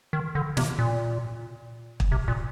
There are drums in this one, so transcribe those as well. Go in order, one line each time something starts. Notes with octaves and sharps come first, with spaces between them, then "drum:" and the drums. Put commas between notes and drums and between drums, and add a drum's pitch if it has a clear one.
D#3
D3
C3, drum: snare
A#2
drum: kick
C3
A#2